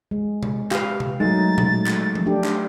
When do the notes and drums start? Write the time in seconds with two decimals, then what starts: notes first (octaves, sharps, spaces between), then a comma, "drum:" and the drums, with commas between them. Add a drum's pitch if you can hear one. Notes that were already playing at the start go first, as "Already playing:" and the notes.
0.11 G#3
0.43 drum: tom C3
0.71 G4 B4 F5, drum: clap
1.00 drum: tom C3
1.20 F#3 G#3 A3 D#4 A6
1.58 drum: tom A#2
1.87 drum: clap
2.15 drum: tom F3
2.26 A3 D4 G4
2.44 drum: clap